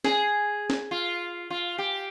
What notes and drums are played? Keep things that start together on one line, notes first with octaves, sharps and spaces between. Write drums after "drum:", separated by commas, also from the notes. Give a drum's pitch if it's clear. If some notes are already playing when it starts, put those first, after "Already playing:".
G#4, drum: snare
drum: snare
F4
F4
G4